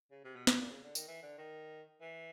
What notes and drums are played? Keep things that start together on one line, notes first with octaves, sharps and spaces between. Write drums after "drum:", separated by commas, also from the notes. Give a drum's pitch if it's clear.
C#3
C3
B2
B2, drum: snare
A#2
C#3
D3
D#3, drum: tambourine
E3
D3
D#3
E3